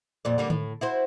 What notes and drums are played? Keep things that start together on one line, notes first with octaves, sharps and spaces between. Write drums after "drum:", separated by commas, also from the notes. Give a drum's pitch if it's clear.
F2 A#2 D5
D3 G3 A#3
A2, drum: tom D3
E4 F#4 C5